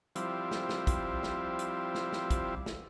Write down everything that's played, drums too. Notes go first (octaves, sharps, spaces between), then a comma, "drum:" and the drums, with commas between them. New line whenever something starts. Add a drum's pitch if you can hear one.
F3 G3 C4 E4, drum: hi-hat
drum: snare
drum: snare
drum: kick, hi-hat
drum: snare
drum: hi-hat
drum: snare
drum: snare
drum: kick, hi-hat
drum: snare